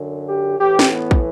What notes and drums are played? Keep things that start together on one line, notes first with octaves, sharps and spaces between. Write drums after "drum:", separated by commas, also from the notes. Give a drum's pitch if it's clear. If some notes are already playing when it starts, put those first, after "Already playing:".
Already playing: F#2 D3
G4
A2 E3 G4
drum: snare
B3
drum: kick